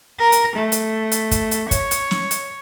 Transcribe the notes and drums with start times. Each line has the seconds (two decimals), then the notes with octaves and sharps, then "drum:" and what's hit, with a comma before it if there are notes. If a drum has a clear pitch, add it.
0.20 A#4
0.32 drum: hi-hat
0.57 A3
0.72 drum: hi-hat
1.12 drum: hi-hat
1.31 drum: kick, hi-hat
1.51 drum: hi-hat
1.71 C#5, drum: kick, hi-hat
1.91 drum: hi-hat
2.11 drum: snare
2.31 drum: hi-hat